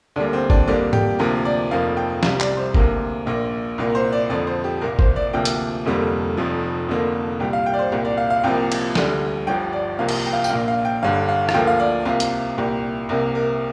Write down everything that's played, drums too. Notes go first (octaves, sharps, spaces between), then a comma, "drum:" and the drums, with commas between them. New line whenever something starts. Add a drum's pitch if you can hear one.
D2 D3 G3 A#3 D4
C4
D4, drum: kick
F2 D3 G3 A#3 D4
G4, drum: tom G#2
D2 C3 F3 A#3 A#4
D5
F1 F2 F3 A#3 F5
G5
C2 C3 G3 F5, drum: snare
D5, drum: clap
C5
D2 C3 A#3, drum: kick
A#1 A#2 A#3
C2 A#2 A#3
C5
D5
F2 D3 F3 D5
C5
G4
C2 A#2 A#3 A#4
C5, drum: kick
D5
D2 C3 F3 A#3 G5
drum: hi-hat
F1 F2 D3 G3 A#3
F1 F2 F3
F1 F2 D3 A#3
C2 A#2 G3 G5
F5
G5
D5
C5
C2 A#2 A#3 G4
D5
F5
F5
C2 C3 F3 A#3 G5
drum: cymbal
D2 D3 G3, drum: snare
G1 G2 F3 G5
D5
C2 C3 F3 A#3 F5
drum: cymbal
G5
F5
G5, drum: tambourine
A#1 A#2 A#3 F5
F5
G5
G1 G2 D3 F5
F5
F5, drum: rim click
D2 D3 F3 A#3 G5
F5
D5
C2 C3 A#3 F4
drum: hi-hat
C2 A#2 A#3 G4
C2 C3 A#3 A#4
A#4